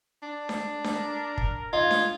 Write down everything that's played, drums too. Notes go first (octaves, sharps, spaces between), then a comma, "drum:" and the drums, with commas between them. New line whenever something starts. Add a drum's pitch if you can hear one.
D4
drum: snare D4
drum: snare D4
A#4
drum: kick
F4 D#5 G#6
drum: snare D4